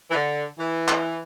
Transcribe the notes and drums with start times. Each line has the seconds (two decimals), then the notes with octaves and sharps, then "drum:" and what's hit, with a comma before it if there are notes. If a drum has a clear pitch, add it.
0.11 E3
0.15 D3
0.59 E3
0.88 drum: clap